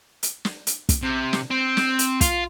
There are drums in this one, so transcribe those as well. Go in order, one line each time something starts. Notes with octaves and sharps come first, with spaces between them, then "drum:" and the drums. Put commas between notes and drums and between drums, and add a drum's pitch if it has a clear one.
drum: hi-hat
drum: snare
drum: hi-hat
drum: kick, hi-hat
C3
drum: snare
C4
drum: snare
drum: hi-hat
F4, drum: kick, hi-hat